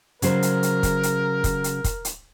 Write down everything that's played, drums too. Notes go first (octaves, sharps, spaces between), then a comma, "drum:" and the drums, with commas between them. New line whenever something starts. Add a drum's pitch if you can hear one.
C#3 F#3 A#4 C5, drum: hi-hat
drum: hi-hat
drum: hi-hat
drum: kick, hi-hat
drum: hi-hat
drum: kick, hi-hat
drum: hi-hat
drum: kick, hi-hat
drum: hi-hat